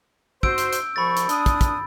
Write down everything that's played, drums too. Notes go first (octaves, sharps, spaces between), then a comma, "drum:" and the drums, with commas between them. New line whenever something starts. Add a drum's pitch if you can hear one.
F#4 C5 E6 G6 D7, drum: kick
drum: hi-hat
drum: hi-hat
C2 F3 B5 C#6 A6
drum: hi-hat
D4 D#6, drum: hi-hat
drum: kick, hi-hat
drum: kick, hi-hat